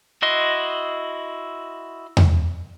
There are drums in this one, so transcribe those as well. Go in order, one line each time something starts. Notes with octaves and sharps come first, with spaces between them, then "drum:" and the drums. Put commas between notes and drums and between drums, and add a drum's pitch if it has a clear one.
E4 F#4 D#5 C6
drum: tom E2